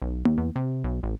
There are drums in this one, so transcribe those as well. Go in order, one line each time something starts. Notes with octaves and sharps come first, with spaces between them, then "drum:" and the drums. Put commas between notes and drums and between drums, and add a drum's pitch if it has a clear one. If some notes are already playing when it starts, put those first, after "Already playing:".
B1
D#2, drum: tom A#3
E2
C3
B1
A1